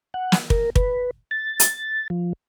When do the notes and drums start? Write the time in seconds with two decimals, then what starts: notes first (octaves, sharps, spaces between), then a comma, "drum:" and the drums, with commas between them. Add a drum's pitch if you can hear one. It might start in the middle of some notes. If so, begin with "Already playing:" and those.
0.14 F#5
0.32 drum: snare
0.50 A#4, drum: kick
0.76 B4, drum: kick
1.31 A6
1.60 drum: hi-hat
2.10 F3